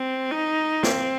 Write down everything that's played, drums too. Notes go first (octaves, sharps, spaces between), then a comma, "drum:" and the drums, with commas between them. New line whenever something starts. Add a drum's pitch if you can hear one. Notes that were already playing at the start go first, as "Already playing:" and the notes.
Already playing: C4
D#4
C4, drum: snare